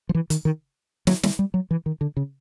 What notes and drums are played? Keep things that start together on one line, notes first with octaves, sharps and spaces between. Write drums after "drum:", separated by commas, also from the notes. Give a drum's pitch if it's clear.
F3
E3
D#3, drum: hi-hat
D#3
F#3, drum: snare
G3, drum: snare
G3
F#3
E3
D#3
D3
C#3